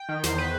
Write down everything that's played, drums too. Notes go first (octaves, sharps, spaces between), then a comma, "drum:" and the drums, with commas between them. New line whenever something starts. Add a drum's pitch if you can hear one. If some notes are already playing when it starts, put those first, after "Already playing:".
Already playing: G5
D#3
E2 C5, drum: snare
B4